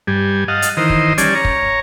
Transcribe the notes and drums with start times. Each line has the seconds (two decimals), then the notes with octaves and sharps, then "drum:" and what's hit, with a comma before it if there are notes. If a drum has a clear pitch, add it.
0.07 G2 G3 G#5
0.48 D#5 F5 F#5 A5
0.62 drum: hi-hat
0.77 D#3 E3 A#4 C5 D#5
0.90 drum: kick
1.18 G3 C#4 D5 G#5 A5, drum: hi-hat
1.35 C#5 A#5
1.45 drum: kick